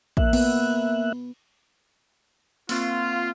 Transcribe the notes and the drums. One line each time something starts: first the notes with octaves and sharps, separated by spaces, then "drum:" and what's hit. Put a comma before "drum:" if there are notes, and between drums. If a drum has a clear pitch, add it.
A#3 E5 F#6, drum: kick A1
B3, drum: cymbal
A#3 C4 F4, drum: open hi-hat